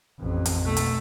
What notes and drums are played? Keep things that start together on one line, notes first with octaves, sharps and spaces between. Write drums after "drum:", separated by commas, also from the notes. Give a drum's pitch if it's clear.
A1 F2
drum: hi-hat
B1 A3
drum: hi-hat